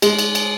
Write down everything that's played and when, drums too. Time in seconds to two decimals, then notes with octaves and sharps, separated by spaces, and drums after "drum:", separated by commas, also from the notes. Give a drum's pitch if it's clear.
0.02 G#3, drum: cymbal
0.19 drum: cymbal
0.35 drum: cymbal